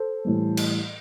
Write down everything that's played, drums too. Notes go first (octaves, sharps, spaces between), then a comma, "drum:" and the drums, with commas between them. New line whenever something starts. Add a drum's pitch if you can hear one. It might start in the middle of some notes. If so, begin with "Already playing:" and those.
Already playing: A4 C5
A2 E3 G3
drum: cymbal